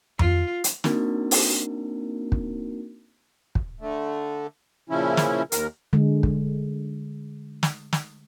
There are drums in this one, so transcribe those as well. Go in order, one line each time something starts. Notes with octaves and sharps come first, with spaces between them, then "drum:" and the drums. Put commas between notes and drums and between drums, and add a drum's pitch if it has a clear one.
F4, drum: tom F2
drum: hi-hat
A#3 C4 D4 D#4 F#4 A#4, drum: snare
drum: open hi-hat
drum: kick
drum: kick
D3 A3
A#2 C#3 F3 C#4 E4
drum: snare
D#2 A#4, drum: hi-hat
D3 G#3
drum: kick
drum: snare
drum: snare